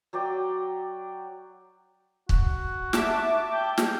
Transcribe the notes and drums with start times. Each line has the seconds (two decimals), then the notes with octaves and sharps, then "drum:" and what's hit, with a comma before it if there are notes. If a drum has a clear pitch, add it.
0.13 F#3 D5 G5
2.29 F#4, drum: kick
2.93 E5 A5 D6, drum: snare
3.52 G5
3.78 drum: snare